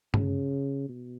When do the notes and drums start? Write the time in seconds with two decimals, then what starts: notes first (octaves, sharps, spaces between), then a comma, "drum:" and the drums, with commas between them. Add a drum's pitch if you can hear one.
0.14 C#3, drum: tom G2
0.89 B2